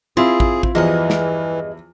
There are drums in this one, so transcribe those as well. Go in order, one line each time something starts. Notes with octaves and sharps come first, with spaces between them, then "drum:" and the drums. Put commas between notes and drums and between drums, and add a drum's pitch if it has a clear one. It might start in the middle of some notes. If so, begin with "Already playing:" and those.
C4 E4 F4 G#4
drum: kick
drum: kick
E2 G2 E3 F3 G#4 D#5
drum: snare